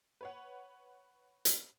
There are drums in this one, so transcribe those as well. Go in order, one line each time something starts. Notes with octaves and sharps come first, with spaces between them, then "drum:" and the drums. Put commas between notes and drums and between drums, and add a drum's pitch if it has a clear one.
B4 C#5 F#5
drum: hi-hat